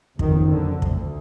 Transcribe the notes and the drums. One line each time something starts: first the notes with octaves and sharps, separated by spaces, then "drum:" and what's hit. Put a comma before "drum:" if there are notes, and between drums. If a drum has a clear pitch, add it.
F#1 F2 D#3, drum: kick
D3
D2, drum: kick